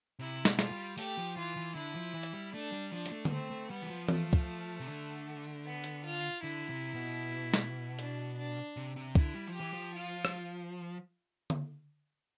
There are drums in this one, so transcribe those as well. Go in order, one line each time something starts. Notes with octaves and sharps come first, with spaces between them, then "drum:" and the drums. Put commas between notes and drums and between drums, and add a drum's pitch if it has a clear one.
C3 E4
B2, drum: snare
F4, drum: snare
A3
G3
A3 G4, drum: open hi-hat
F3
E3 F4
E3
D3 E4
F3
E3
drum: hi-hat
G3
A3 D4
G3
F3 D4
G3, drum: hi-hat
A3
G3, drum: tom D3
A3 C4
A3
G3 B3
E3
F3
A3, drum: tom E3
drum: kick
C3
D3
B3
drum: hi-hat
F4
D3 E4
C3
B2
drum: snare
D4, drum: hi-hat
D4
C3
C3
D3 E4, drum: kick
G3
F3
G4
E3
F3
F4
drum: rim click
drum: tom D3